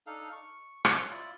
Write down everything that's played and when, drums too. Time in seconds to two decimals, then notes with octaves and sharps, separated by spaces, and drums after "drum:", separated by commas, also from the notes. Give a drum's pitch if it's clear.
0.07 D4 D#4 A4 F5
0.32 C#6
0.85 C5 C#5 C6, drum: rim click
1.11 E4 F4 D5